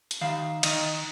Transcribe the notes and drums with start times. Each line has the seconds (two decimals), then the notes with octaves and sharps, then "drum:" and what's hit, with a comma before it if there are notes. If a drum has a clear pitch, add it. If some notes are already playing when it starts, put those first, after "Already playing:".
0.11 drum: hi-hat
0.21 D#3 F5
0.63 D#3 D#5, drum: cymbal